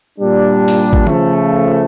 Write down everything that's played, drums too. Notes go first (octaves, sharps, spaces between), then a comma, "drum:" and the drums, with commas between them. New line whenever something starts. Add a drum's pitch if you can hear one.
A#2 G3 D4
drum: open hi-hat
drum: kick
C#3 F3 A3, drum: tom